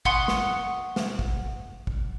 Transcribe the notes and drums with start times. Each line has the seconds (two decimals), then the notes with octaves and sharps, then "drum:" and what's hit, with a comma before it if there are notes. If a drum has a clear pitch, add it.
0.05 F#5 C6 C#6 D#6, drum: kick
0.28 drum: snare
0.96 drum: snare
1.19 drum: kick
1.87 drum: kick